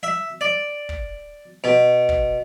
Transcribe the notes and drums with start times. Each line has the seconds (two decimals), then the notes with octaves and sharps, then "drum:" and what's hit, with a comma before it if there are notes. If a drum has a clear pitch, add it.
0.03 E5
0.41 D5
0.89 drum: kick
1.64 B2
2.09 drum: kick